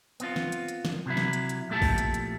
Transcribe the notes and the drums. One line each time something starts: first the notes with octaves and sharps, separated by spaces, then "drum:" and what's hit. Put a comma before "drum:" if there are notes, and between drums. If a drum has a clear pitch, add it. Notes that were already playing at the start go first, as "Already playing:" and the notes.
B3 C4 F4, drum: hi-hat
drum: snare
drum: hi-hat
drum: hi-hat
drum: snare
C3 F#3 E4
drum: snare
drum: hi-hat
drum: hi-hat
F2 A#2 A3 E4 G4 A5
drum: kick, open hi-hat
drum: hi-hat
drum: hi-hat